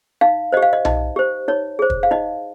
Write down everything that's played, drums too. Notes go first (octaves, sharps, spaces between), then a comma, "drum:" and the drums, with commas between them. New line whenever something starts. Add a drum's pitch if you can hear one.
D#4 F5
G4 C5 D#5
F5
D#5
D#4 D#5, drum: tom B1
G4 C5
D#4 C#5
G#4 C5
drum: kick
F5
D#4 D#5